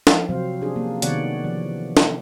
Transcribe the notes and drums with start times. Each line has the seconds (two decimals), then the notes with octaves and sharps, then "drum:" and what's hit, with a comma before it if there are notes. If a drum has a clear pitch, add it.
0.07 F3, drum: snare
0.29 C3 F3 F#3 C4 C5 F5
0.62 C#4 D4 G4 G#4
0.76 A#3
1.02 C3 D#3 B3 C#5 D5 F#5, drum: hi-hat
1.44 E3 F3 D5
1.97 drum: snare